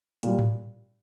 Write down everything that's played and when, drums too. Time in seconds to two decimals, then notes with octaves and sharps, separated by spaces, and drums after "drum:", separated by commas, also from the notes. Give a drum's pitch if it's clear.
0.23 A#2 G3, drum: hi-hat
0.39 drum: tom G#2